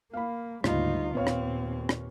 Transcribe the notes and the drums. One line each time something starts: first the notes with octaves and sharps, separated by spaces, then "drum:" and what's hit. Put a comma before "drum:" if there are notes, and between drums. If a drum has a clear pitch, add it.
A#3 F5 B5
D2 G#2 C#3 G3 A#3 D#4 F4, drum: rim click
D#2 A#2 B3 C4 B4 C#5 F5
drum: rim click
drum: rim click